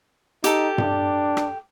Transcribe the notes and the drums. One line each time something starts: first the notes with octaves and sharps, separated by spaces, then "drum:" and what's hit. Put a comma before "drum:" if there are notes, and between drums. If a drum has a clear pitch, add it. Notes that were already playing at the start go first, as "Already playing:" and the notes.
D#4 G4 A4, drum: hi-hat
D4, drum: tom G2
drum: rim click